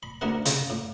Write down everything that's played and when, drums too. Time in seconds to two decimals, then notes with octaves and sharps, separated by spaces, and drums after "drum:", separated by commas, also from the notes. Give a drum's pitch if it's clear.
0.03 B5
0.21 D2 D3 E4 A#4 F#5
0.46 C#3, drum: hi-hat
0.70 A2